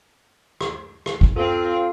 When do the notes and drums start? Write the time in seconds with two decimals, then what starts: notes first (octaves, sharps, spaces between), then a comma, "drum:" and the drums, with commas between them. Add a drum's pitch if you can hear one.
0.61 drum: rim click
1.06 drum: rim click
1.21 drum: kick
1.36 C4 F4 A4 F5